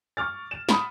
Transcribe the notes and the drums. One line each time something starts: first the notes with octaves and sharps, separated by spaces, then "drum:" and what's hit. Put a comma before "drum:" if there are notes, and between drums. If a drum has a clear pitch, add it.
C#6 D6 F6 A6
E7
F#5 B5 D#6, drum: snare